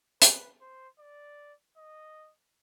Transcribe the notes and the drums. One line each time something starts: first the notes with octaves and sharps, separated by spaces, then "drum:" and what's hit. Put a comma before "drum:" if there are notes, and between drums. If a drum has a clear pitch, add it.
B4, drum: hi-hat
C5
D5
D#5